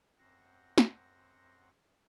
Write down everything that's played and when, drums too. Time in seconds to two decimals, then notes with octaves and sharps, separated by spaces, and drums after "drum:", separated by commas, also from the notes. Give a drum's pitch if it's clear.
0.18 F#2 C4 C5 F#5 A#6
0.78 drum: snare